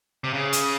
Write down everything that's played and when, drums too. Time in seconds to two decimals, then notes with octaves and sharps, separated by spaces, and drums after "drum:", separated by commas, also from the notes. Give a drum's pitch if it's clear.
0.24 C3
0.34 C#3
0.53 drum: hi-hat